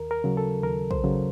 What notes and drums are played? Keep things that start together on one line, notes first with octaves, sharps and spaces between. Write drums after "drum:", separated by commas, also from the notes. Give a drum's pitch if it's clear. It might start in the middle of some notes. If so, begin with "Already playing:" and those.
Already playing: D#2 A#4
A#4
C#3 F#3
A4
D#2 A#4
C5, drum: kick
C#3 F#3